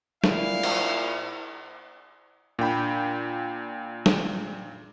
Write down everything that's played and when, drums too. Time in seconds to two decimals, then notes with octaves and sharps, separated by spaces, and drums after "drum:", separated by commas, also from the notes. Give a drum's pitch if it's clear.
0.24 A#2 E4 F5, drum: snare
0.63 drum: cymbal
2.59 A#2 D4 G5 B5
4.06 drum: snare